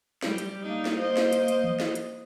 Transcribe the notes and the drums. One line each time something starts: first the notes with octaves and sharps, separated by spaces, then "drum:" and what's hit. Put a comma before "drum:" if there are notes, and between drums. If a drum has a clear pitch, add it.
G3, drum: snare
drum: hi-hat
A#3 D4 D#4
drum: snare
A#3 C5 D#5
drum: snare
drum: hi-hat
drum: hi-hat
drum: tom E3
drum: snare
drum: hi-hat